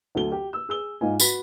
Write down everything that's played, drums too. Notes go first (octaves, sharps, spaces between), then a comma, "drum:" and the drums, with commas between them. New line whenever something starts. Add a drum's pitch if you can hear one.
D2 F#3 A4 G7
G4
E6
G#4 E6 G7
G#2 D#4 F4 G#5
F#4 B4 B5 B6, drum: tambourine